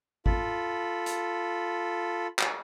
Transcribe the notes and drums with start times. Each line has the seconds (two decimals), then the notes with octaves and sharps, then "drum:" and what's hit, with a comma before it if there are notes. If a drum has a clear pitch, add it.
0.26 F4 A4 B5, drum: kick G#1
1.06 drum: hi-hat
2.39 drum: clap